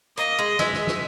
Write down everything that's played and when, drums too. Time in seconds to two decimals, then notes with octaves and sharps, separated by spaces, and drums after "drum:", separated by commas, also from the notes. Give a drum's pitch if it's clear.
0.18 A#3 D#5, drum: hi-hat
0.39 G#3
0.59 G#3 E5, drum: snare
0.73 drum: snare
0.87 drum: snare